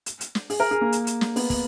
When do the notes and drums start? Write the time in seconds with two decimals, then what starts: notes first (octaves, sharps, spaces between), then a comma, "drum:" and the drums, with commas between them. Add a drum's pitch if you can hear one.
0.06 drum: hi-hat
0.21 drum: hi-hat
0.35 drum: snare
0.50 G#4, drum: open hi-hat
0.60 A#4
0.71 G#4
0.81 A#3
0.92 drum: hi-hat
1.07 drum: hi-hat
1.21 drum: snare
1.36 B3, drum: open hi-hat
1.50 drum: kick, open hi-hat